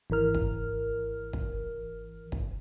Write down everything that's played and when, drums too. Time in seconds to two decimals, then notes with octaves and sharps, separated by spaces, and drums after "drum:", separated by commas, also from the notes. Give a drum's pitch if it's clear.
0.10 G#1 E3 A#4 F6
0.35 drum: kick
1.33 drum: kick
2.32 drum: kick